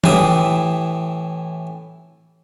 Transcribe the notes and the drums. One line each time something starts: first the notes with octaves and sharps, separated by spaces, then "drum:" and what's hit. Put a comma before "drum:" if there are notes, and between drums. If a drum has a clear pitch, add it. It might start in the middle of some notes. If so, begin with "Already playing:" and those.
A2 E3 G4 E5 D#6, drum: tom E3